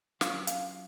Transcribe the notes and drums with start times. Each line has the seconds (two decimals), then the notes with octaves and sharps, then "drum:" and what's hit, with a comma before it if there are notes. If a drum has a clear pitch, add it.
0.21 F#3 C#4 F4 F5, drum: snare
0.47 F5, drum: hi-hat